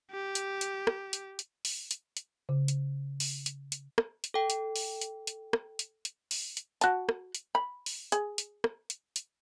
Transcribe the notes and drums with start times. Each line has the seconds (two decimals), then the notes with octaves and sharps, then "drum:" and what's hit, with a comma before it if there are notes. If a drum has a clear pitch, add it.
0.11 G4
0.35 drum: hi-hat
0.61 drum: hi-hat
0.87 drum: rim click
1.13 drum: hi-hat
1.39 drum: hi-hat
1.65 drum: open hi-hat
1.91 drum: hi-hat
2.17 drum: hi-hat
2.49 C#3
2.68 drum: hi-hat
3.20 drum: open hi-hat
3.46 drum: hi-hat
3.72 drum: hi-hat
3.98 drum: rim click
4.24 drum: hi-hat
4.34 A4 G5
4.50 drum: hi-hat
4.76 drum: open hi-hat
5.01 drum: hi-hat
5.27 drum: hi-hat
5.53 drum: rim click
5.79 drum: hi-hat
6.05 drum: hi-hat
6.31 drum: open hi-hat
6.57 drum: hi-hat
6.81 F#4 A5, drum: hi-hat
7.09 drum: rim click
7.35 drum: hi-hat
7.55 B5
7.86 drum: open hi-hat
8.12 G#4, drum: hi-hat
8.38 drum: hi-hat
8.64 drum: rim click
8.90 drum: hi-hat
9.16 drum: hi-hat